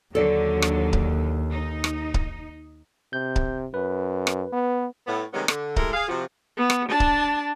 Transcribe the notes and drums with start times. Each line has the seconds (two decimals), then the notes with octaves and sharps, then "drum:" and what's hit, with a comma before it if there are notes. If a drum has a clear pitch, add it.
0.15 D#2 D3 F#3 A4 D5
0.62 drum: rim click
0.93 drum: kick C#1
1.50 D#4
1.84 drum: rim click
2.14 drum: kick C#1
3.13 C3 G6
3.36 drum: kick C#1
3.74 F#2 B4
4.27 drum: rim click
4.52 B3
5.07 A2 B3
5.33 C3 D#3 G3 G#3 B3 C#4
5.48 D3, drum: rim click
5.76 G#3 A3 E4 G4 A4 A#4, drum: kick C#1
5.93 G#4 F5
6.08 C3 F3 F#4
6.57 B3
6.70 drum: rim click
6.89 D4 A5
7.00 drum: kick C#1